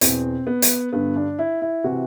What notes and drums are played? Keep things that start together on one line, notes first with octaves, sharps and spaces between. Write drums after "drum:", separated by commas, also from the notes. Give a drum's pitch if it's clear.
E2 B2 C4, drum: hi-hat
B3
drum: hi-hat
G2 D3 B3
D4
E4
E4
C3 E3 F#4